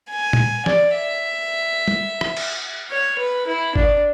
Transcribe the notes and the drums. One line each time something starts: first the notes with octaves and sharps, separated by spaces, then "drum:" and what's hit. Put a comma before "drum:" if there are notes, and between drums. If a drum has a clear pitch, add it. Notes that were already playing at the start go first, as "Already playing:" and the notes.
G#5
drum: tom A#2
D5, drum: snare F3
E5
drum: tom
drum: rim click
drum: cymbal
C#5
B4
E4
D4, drum: kick G1